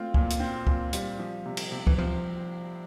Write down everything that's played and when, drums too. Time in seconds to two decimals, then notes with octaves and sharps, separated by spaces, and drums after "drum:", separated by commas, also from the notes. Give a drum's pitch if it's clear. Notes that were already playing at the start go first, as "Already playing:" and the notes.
Already playing: A3 C4 F4
0.14 A#2, drum: kick
0.30 drum: hi-hat
0.40 C4
0.67 A#2, drum: kick
0.93 G3, drum: hi-hat
1.19 F3
1.45 C3
1.57 drum: cymbal
1.72 C3
1.87 E3, drum: kick
1.98 C3 F3